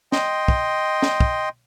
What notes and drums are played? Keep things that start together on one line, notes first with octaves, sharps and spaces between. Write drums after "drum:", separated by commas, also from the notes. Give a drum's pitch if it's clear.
D#5 G5 C6, drum: snare
drum: kick
drum: snare
drum: kick